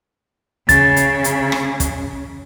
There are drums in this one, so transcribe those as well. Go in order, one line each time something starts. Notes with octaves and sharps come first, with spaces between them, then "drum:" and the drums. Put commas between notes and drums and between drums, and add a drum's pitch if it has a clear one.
C#3 A6, drum: kick, hi-hat
drum: hi-hat
drum: hi-hat
drum: rim click
drum: kick, hi-hat